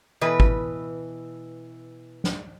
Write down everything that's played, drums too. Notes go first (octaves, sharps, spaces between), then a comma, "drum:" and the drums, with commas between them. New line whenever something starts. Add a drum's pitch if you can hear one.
B2 E3 B4
drum: kick
drum: snare